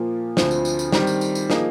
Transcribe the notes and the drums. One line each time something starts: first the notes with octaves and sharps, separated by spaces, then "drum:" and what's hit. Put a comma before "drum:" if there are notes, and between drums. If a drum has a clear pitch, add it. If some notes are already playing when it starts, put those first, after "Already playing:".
Already playing: A#2 F3 A#3 F4
D2 D3 F3 C4, drum: snare
drum: tambourine
drum: tambourine
drum: tambourine
D#3 G3 C4, drum: snare
drum: tambourine
drum: tambourine
drum: tambourine
F3 A#3 D#4 G#4, drum: snare